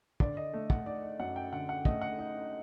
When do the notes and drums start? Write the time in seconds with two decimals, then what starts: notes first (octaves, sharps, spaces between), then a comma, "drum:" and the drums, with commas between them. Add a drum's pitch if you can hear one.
0.20 D3 D5, drum: kick
0.37 D#5
0.53 A3
0.70 F#5, drum: kick
0.86 D#4 D5
1.03 D#5
1.19 F#2 F#5
1.36 G5
1.52 D3 F#5
1.69 F#5
1.85 A3 D#5, drum: kick
2.01 F#5
2.19 D#4